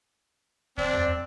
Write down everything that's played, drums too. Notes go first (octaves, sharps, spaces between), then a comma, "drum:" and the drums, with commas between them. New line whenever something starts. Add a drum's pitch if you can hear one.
C4 D4 D5, drum: kick D2
drum: tom E2